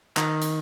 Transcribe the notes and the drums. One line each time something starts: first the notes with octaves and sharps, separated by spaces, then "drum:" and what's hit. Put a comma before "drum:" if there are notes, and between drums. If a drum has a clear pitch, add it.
D#3, drum: clap
drum: hi-hat